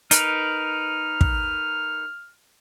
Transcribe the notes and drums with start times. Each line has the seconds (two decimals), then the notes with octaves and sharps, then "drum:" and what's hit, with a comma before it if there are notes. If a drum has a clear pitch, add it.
0.11 D#4 A#4 B4 F6, drum: hi-hat
1.21 drum: kick